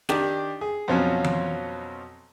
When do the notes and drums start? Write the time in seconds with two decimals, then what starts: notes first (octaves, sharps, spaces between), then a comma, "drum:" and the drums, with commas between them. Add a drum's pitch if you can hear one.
0.09 D#3 D4 G4, drum: snare
0.61 G#4
0.88 F2 B2 F3 F#3 C#4
1.24 drum: tom E3